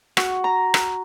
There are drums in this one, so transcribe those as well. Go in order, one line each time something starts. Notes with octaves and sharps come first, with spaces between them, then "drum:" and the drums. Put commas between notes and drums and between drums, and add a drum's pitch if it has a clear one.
F#4, drum: rim click
A#5
drum: rim click